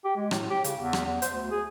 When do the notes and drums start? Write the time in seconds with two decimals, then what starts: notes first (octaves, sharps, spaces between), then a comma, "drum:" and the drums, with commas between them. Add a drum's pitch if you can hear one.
0.05 G4
0.16 G#3
0.31 A2, drum: rim click
0.50 G4
0.64 C#3, drum: hi-hat
0.79 E2
0.93 drum: rim click
1.05 E2
1.22 C5, drum: hi-hat
1.34 D2
1.51 G#4